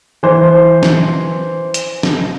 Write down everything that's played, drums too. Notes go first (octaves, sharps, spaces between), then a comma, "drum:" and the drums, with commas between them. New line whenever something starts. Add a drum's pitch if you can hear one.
E3 C5
drum: snare
drum: hi-hat
drum: snare